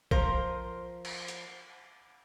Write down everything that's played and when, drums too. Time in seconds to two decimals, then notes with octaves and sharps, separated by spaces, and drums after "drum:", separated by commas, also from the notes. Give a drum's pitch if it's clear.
0.11 F3 A#4 C5, drum: kick A#1
1.05 drum: cymbal
1.28 drum: hi-hat